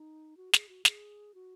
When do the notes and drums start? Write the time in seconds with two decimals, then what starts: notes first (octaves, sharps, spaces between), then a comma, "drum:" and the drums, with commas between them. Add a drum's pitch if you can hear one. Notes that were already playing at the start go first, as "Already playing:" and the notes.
Already playing: D#4
0.37 F#4
0.53 G#4, drum: snare
0.69 F#4
0.85 G#4, drum: snare
1.34 F#4